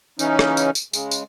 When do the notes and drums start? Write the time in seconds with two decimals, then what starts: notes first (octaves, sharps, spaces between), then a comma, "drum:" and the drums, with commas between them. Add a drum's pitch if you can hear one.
0.19 C#3 E3 C#4 D#4, drum: tambourine
0.39 drum: rim click
0.57 drum: tambourine
0.75 drum: tambourine
0.93 C#3 G#3, drum: tambourine
1.11 drum: tambourine